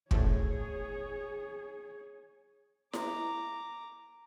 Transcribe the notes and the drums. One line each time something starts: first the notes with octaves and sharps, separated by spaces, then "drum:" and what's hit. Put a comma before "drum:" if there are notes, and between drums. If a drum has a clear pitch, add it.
A1 D2 A2 G#4 C#5, drum: kick
A#5 D6, drum: snare E4